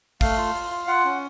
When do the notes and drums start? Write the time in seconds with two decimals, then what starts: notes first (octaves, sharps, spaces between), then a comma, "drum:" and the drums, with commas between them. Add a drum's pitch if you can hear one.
0.21 A3 F5, drum: kick, open hi-hat
0.38 F4
0.54 F4
0.70 F4
0.87 F4 F#5
1.05 C#4